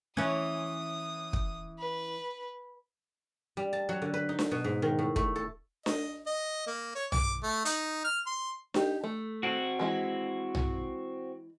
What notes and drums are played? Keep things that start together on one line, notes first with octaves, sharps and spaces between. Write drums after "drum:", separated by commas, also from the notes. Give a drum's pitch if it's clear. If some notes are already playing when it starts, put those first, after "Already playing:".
E3 C#4 D#6
drum: kick
B4
G3
A5
F#3
D3
B4
D#4
drum: snare D4
B2
G#2
D#3
A2
A3, drum: kick
A4
D#5, drum: snare D4
D#5
A#3
C#5
D6, drum: tom B1
A3
D#4, drum: hi-hat
F6
C6
D#4 G4, drum: snare D4
A3
C4 F#4
E3 G#3 E4
drum: tom B1